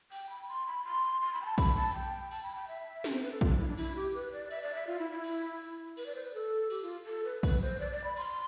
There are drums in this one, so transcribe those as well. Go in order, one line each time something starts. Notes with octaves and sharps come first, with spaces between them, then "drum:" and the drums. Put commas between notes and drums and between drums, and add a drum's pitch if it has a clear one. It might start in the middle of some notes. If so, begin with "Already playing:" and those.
G5, drum: cymbal
B5
C6
B5
C6
C6
B5
G5
A5
B5, drum: kick A#1, cymbal
A5
G5
A5, drum: cymbal
B5
G5
E5
drum: snare
C5
B4
A4
F4, drum: kick A#1
D4
E4
D4
E4, drum: cymbal
G4
B4
D5
E5, drum: cymbal
D5
E5
F4
E4
E4
drum: cymbal
B4, drum: cymbal
D5
C5
B4
A4
G4, drum: cymbal
F4
A4
B4
B4, drum: kick A#1, cymbal
C5
D5
D5
B5
C6, drum: cymbal